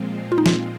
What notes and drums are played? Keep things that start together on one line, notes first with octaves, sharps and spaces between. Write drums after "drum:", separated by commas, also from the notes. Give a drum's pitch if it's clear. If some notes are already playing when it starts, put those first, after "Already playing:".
Already playing: A#2 F3 G#3 C4 F4
F4
D#4
F4, drum: snare